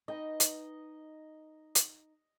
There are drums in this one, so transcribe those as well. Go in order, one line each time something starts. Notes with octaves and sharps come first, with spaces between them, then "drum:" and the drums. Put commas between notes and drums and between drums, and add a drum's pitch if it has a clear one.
D#4 B4 D#5 G5
drum: hi-hat
drum: hi-hat